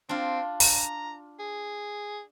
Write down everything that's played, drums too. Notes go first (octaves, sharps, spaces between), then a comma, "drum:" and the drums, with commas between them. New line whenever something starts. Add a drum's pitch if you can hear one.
C4 D4 F4
A#5, drum: open hi-hat
G#4